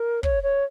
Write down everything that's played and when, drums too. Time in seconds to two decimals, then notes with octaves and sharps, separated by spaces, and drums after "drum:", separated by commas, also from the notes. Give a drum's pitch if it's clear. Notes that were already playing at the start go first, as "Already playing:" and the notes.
Already playing: A#4
0.23 C#5, drum: kick
0.43 C#5